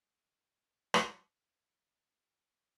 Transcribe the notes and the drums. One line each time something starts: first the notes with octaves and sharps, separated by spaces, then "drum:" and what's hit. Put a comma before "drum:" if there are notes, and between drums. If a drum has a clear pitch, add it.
G#3
drum: rim click
F3
C#5